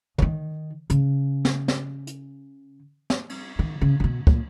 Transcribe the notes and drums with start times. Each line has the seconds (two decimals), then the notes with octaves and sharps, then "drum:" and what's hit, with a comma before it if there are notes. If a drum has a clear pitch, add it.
0.18 C#3, drum: tom
0.22 D#3
0.90 C#3, drum: hi-hat
1.45 drum: snare
1.68 drum: snare
2.07 drum: hi-hat
3.10 drum: snare
3.29 drum: cymbal
3.59 D#3
3.81 C#3
4.00 C#3
4.04 B2
4.27 A#2, drum: kick